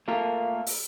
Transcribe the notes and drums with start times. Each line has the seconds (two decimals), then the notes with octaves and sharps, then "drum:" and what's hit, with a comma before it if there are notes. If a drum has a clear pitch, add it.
0.08 A3 A#3 F4 A4 A#4
0.67 drum: open hi-hat